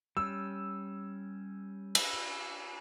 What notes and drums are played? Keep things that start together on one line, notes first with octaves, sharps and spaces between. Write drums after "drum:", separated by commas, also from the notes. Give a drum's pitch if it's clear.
G3 C#4 E6
drum: cymbal